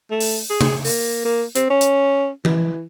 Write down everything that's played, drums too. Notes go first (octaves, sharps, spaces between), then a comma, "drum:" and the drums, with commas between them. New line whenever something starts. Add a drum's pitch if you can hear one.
A3
drum: open hi-hat
G#4
drum: tom C3
A#3, drum: open hi-hat
A#3
C4, drum: hi-hat
C#4
drum: hi-hat
E3, drum: tom E3